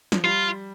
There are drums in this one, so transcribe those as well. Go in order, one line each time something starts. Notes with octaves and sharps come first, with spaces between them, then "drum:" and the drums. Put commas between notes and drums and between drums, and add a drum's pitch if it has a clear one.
F3, drum: snare
G3 F4